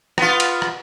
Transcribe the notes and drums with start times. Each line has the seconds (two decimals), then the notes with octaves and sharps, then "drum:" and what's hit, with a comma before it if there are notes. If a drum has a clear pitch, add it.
0.18 B3 F4, drum: rim click
0.40 drum: cymbal
0.62 drum: rim click